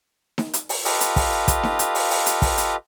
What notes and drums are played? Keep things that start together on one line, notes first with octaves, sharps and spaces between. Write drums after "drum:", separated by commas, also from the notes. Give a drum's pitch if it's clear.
drum: snare D#4
drum: hi-hat
drum: open hi-hat
F4 G4 A4 B4 D#5 F5, drum: open hi-hat
drum: hi-hat
drum: kick, open hi-hat
drum: kick, hi-hat
drum: snare D#4
drum: hi-hat
drum: open hi-hat
drum: open hi-hat
drum: hi-hat
drum: kick, open hi-hat
drum: hi-hat